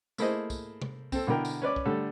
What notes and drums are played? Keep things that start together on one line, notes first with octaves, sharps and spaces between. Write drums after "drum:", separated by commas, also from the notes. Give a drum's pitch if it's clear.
A3 A#3 E4 G#4 C5 D#5, drum: tambourine
drum: kick, tambourine
drum: tom C3
C4 A4, drum: kick, tambourine
B2 D3 E4 A#4 G5
drum: tambourine
C#4 B4 D5 D6
drum: kick
D3 G3 A3 A4